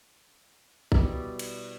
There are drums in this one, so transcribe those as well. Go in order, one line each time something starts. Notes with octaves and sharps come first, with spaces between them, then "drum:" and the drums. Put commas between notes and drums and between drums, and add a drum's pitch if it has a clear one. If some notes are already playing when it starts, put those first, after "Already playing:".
B2 G3 E4 D5, drum: kick
drum: cymbal